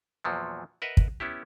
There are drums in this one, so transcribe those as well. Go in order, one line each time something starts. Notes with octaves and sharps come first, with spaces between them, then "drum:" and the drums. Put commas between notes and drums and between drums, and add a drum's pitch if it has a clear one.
E2 A#2 F3 F#3
A#4 B4 D#5 E5 F#5
drum: kick
B3 C#4 E4 G4